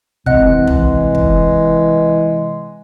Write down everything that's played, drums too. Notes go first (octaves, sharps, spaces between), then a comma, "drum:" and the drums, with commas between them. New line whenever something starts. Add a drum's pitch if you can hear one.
C3 E3 G#3 D#5 F#5 F#6, drum: kick
drum: tom
drum: kick